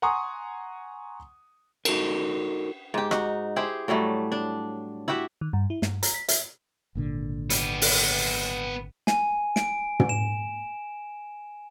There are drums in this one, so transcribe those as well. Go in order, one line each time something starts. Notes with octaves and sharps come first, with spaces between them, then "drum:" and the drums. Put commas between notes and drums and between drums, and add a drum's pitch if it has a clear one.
F#5 G#5 A#5 C6 C#6 D#6
D#4 F#4 A4 A#4, drum: cymbal
G#2 G4
D#4 F#4, drum: rim click
E4 G4 G#4 C5
A2 F#3 G3 A3
D4
E4 F#4 G4 E5
D#3
G2
E4
G2, drum: snare
A#5, drum: hi-hat
B6
E5, drum: hi-hat
G#1 A#2 D3
B3 G4, drum: hi-hat
drum: open hi-hat
G#5, drum: snare
D7, drum: snare
drum: tom
E7